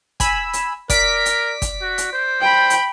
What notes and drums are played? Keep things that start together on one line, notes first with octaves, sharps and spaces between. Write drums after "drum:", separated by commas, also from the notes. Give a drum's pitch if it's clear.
G#5 B5 E6, drum: kick, hi-hat
drum: hi-hat
A#4 D5 B6 D7, drum: kick, hi-hat
drum: hi-hat
drum: kick, hi-hat
F#4
drum: hi-hat
C5
G5 B5
drum: hi-hat